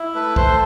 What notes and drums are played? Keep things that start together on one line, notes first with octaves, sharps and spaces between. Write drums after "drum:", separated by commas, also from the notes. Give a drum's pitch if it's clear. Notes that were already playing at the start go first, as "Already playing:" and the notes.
Already playing: E4
A3 B4
A3 C5, drum: kick